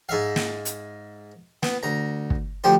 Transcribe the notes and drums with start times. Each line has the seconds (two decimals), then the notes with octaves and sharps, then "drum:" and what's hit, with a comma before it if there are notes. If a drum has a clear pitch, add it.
0.09 G#2 E5 F5
0.36 drum: snare
0.65 drum: hi-hat
1.63 B3, drum: snare
1.83 D2 A#5
2.30 drum: kick
2.64 D2 F3 G4 C5